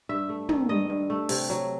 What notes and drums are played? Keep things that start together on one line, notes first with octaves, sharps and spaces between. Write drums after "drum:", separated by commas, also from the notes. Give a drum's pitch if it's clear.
G2 E5
A3
D#3, drum: tom
G2 D#5
G2
A3
C3, drum: open hi-hat
F#3